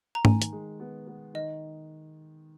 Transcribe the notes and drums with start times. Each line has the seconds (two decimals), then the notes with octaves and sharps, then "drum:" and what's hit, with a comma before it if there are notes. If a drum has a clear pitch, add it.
0.15 A#5
0.25 D#3 G#5, drum: tom
0.42 drum: hi-hat
0.53 G#3
0.80 B3
1.07 B3
1.34 D#3 D#5